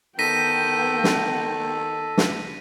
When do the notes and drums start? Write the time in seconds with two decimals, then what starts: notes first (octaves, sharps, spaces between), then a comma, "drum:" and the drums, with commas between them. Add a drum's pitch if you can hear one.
0.19 D#3 B3 A4 G5 A#6 B6 D#7
1.04 drum: snare
2.18 drum: snare